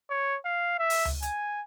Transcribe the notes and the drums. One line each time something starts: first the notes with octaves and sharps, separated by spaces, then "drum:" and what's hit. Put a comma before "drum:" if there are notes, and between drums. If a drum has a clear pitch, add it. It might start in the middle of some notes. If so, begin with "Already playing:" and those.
C#5
F5
E5
drum: open hi-hat
drum: tom C#2
G#5, drum: hi-hat